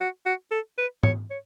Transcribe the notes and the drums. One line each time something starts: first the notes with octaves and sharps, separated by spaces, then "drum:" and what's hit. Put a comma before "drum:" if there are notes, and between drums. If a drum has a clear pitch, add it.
F#4
F#4
A4
B4
C#5, drum: tom G#2
C#5